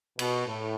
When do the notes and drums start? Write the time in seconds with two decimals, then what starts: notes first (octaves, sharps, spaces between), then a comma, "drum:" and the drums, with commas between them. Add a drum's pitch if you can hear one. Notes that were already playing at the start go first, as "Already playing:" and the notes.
0.19 B2, drum: cymbal
0.47 A2